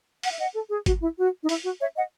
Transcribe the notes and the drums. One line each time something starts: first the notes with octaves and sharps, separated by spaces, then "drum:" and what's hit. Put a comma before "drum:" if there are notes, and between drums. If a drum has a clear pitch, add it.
F#5, drum: open hi-hat
E5
D#5 F#5
A4
G#4
F#4, drum: kick G#1, hi-hat
E4
F#4
D#4
E4, drum: open hi-hat
F#4
C#5 E5
D#5 F#5